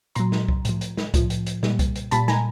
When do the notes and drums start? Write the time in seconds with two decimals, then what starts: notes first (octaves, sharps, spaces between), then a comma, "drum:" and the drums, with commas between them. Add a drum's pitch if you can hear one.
0.15 A#2 F#3 A#5 C6, drum: hi-hat
0.32 drum: snare
0.48 drum: kick C2
0.65 A2 F3, drum: hi-hat
0.81 drum: hi-hat
0.97 drum: snare
1.14 A2 F3, drum: kick C2, hi-hat
1.30 drum: hi-hat
1.46 drum: hi-hat
1.63 A#2 G3, drum: snare
1.79 drum: kick C2, hi-hat
1.95 drum: hi-hat
2.11 A#2 G3 A5 B5, drum: hi-hat
2.28 G#5 A#5, drum: snare